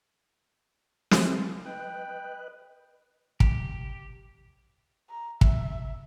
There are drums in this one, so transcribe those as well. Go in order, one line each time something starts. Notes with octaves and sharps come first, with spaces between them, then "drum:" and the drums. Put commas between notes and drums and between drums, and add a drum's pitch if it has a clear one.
drum: snare
B4 D#5 G5 F#6
G4, drum: kick
A#5
E5, drum: kick